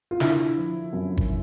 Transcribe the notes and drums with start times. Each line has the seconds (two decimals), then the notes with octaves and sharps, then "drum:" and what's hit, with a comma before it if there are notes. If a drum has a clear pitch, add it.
0.11 F4
0.20 D3 E4, drum: snare
0.57 F3
0.93 F#2
1.17 drum: kick